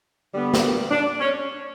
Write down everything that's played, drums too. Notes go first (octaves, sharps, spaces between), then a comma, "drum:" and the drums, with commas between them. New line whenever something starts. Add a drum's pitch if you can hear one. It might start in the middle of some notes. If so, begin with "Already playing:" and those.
D3 G3 B3
drum: snare
D4
C#4